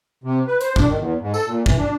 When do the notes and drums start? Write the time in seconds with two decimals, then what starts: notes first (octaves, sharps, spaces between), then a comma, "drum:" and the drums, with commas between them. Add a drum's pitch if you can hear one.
0.24 C3
0.47 B4
0.61 C5, drum: hi-hat
0.76 D4, drum: kick
0.88 D#3
0.99 E2
1.21 G#2
1.34 A4, drum: tambourine
1.47 A#2
1.66 E3, drum: kick
1.78 D4